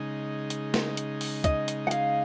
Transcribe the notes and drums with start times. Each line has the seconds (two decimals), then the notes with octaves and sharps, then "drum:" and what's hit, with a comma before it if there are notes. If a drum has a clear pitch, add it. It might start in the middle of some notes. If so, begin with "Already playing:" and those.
Already playing: C#3 G#3 D#4
0.50 drum: hi-hat
0.74 drum: snare
0.97 drum: hi-hat
1.21 drum: open hi-hat
1.44 D#5, drum: kick, hi-hat
1.68 drum: hi-hat
1.87 F#5
1.91 F5, drum: hi-hat